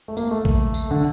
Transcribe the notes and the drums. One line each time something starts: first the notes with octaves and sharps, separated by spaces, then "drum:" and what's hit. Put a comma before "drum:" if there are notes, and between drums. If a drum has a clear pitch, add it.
A3
A#3, drum: tambourine
A3
drum: kick
drum: tambourine
D3